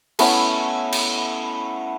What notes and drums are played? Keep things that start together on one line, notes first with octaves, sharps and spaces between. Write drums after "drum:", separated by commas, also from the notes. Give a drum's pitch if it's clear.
A3 B3 C#4 E4, drum: cymbal
drum: cymbal